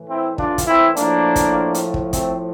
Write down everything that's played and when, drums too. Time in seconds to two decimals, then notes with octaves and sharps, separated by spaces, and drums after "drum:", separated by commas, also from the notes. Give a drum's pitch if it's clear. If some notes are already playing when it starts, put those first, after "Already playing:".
Already playing: A2 E3
0.09 C4 E4
0.38 D4 F4, drum: kick
0.58 drum: kick, hi-hat
0.68 C4 E4
0.97 A2 F3 A#3 D4, drum: hi-hat
1.36 drum: kick, hi-hat
1.74 drum: hi-hat
1.94 drum: kick
2.13 A2 F3 A3 C4, drum: kick, hi-hat